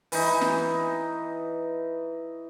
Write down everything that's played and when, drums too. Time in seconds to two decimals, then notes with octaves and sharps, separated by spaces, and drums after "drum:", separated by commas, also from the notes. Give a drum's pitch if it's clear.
0.12 E3 D#4, drum: open hi-hat
0.41 drum: snare